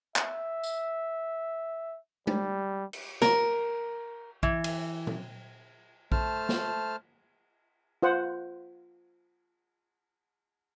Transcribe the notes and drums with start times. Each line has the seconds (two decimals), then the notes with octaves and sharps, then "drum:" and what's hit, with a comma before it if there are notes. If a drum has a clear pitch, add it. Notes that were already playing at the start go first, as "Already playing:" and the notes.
0.16 E5, drum: clap
0.64 drum: tambourine
2.27 G3, drum: tom G#3
2.93 drum: cymbal
3.22 A#4, drum: snare
4.43 E3, drum: kick A#1
4.64 drum: cymbal
5.07 drum: tom
6.12 A3 C5 A5 F6, drum: kick A#1
6.49 drum: snare
8.03 F4 C5 F#5